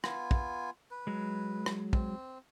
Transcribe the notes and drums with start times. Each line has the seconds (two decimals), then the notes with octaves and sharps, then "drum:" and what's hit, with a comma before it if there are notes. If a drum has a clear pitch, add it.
0.04 B3 F4 G#5, drum: rim click
0.31 drum: kick
0.91 B4
1.07 F#3 G#3
1.66 drum: rim click
1.93 C4, drum: kick